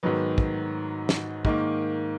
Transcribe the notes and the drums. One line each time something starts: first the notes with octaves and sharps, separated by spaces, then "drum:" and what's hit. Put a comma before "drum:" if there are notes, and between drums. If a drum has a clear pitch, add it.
G#2 D#3 F#3 B3
drum: kick
drum: snare
G#2 D#3 A#3, drum: kick